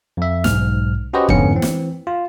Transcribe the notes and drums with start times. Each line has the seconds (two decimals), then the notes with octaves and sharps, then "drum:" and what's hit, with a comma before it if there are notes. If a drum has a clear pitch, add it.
0.17 F2 E5
0.44 B1 G#2 F6, drum: snare
1.13 C#4 F#4 G4 B4 C5 D#5
1.29 F2 G#2 D3 B3 C#4 C#7, drum: kick
1.53 E3 C4
1.62 drum: snare
2.07 F4